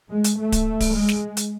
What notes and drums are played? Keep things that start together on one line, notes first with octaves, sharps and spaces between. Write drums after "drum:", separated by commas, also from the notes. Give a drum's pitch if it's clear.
G#3
drum: hi-hat
A3
drum: kick D1, hi-hat
drum: kick D1, open hi-hat
G#3
drum: snare
drum: hi-hat